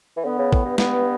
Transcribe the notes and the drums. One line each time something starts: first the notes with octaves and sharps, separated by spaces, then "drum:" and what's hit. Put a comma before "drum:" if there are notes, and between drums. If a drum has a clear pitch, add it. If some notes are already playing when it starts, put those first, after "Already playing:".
E3
D3 B3
C#3
A2, drum: kick
G2
B3, drum: snare